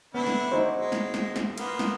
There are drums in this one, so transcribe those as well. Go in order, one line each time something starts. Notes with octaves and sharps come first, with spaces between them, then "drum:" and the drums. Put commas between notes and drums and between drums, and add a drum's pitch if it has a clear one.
D3 B3 D4 E4
drum: snare
D#4 F#4 C5
G#3
drum: snare
drum: snare
drum: snare
A#3 B3 F4, drum: cymbal
drum: snare